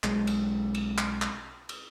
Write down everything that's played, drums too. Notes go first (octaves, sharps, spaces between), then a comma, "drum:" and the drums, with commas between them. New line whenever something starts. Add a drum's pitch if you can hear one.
B1 G#3, drum: clap
drum: cymbal
drum: cymbal
drum: clap
drum: clap
drum: cymbal